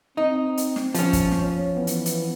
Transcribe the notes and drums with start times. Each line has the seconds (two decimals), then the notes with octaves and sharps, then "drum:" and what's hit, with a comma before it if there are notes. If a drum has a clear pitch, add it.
0.17 C4 D#4
0.57 drum: hi-hat
0.76 drum: snare
0.95 F3 C#4, drum: hi-hat
1.13 drum: kick, hi-hat
1.32 drum: snare
1.41 C#5
1.74 E3 B3
1.87 drum: hi-hat
2.06 drum: hi-hat